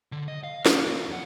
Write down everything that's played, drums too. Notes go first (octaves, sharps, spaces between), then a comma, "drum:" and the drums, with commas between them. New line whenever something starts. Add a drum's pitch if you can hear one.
D3
D#5
F5
F3 A#3, drum: snare
D4 F4
F2 F#5